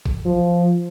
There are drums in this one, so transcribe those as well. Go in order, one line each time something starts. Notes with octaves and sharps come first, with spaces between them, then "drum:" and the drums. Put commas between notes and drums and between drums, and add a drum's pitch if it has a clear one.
drum: kick A1
F3